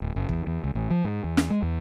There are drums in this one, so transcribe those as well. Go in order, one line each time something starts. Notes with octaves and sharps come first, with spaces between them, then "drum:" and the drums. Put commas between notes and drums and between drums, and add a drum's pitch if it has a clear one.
D1
F#1
E2, drum: kick
E2
C#2
A1
F3
G#2
E2
drum: snare
G#3
E2